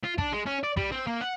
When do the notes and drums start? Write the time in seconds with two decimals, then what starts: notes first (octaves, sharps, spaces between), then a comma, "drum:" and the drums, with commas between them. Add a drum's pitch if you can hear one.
0.04 F4
0.18 D4, drum: kick
0.33 G#3
0.46 C#4
0.64 D5
0.77 G3, drum: kick
0.92 C4
1.07 A#3
1.21 F#5